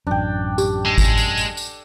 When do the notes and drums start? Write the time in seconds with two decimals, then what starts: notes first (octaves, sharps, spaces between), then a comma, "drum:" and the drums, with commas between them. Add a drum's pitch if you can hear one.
0.07 A1 F#2 D4 G5
0.58 G4, drum: tambourine
0.85 G#3 A4
0.98 drum: kick G#1, tambourine
1.18 drum: tambourine
1.37 drum: tambourine
1.57 drum: tambourine